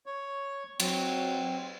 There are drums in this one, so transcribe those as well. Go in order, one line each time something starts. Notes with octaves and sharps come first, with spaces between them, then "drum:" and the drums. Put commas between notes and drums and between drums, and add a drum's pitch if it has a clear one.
C#5
F#3 C4, drum: cymbal